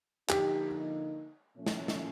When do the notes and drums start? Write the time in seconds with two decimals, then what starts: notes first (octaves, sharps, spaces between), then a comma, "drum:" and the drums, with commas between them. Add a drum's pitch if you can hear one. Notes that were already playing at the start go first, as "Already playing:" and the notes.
0.29 D3 F3 A#3 D#4 G4, drum: clap
1.55 A#2 F3 A3 C#4
1.66 drum: snare
1.88 drum: snare